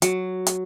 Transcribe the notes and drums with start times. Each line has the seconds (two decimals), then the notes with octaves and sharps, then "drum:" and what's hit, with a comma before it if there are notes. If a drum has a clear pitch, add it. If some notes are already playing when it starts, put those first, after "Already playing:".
0.02 F#3, drum: hi-hat
0.47 drum: hi-hat